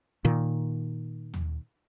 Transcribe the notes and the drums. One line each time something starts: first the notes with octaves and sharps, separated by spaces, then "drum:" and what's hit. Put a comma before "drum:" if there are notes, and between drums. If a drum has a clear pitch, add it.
A#2 D#3
drum: tom D#2